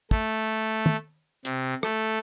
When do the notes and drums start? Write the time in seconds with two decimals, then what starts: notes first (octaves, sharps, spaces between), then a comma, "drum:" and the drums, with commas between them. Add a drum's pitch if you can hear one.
0.11 A3, drum: kick
0.86 drum: tom
1.45 C3, drum: hi-hat
1.83 A3, drum: rim click